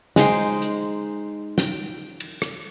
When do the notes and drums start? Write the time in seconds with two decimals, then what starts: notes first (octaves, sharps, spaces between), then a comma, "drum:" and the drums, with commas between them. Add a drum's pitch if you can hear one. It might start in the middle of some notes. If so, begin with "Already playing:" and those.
0.16 G#3 D#4 C5 G5, drum: snare
0.62 drum: hi-hat
1.58 G5, drum: snare
2.20 drum: cymbal
2.42 drum: rim click